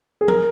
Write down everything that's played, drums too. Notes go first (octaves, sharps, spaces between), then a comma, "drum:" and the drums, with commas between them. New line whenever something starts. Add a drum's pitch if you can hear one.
G#4
A#4, drum: tom F3